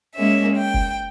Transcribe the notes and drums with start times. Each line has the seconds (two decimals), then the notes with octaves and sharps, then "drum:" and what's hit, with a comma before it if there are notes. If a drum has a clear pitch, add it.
0.15 G#3 A#3 C#4 E5
0.59 G5
0.74 drum: kick